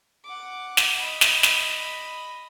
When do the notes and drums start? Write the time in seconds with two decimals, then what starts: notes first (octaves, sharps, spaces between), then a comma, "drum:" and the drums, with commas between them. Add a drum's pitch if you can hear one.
0.25 F#5 D6
0.77 drum: snare
0.99 D#5 B5
1.21 drum: snare
1.43 drum: snare